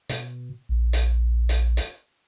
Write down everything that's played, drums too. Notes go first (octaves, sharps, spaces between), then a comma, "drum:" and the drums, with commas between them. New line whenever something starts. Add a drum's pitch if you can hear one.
B2, drum: hi-hat
A#1
drum: hi-hat
drum: hi-hat
drum: hi-hat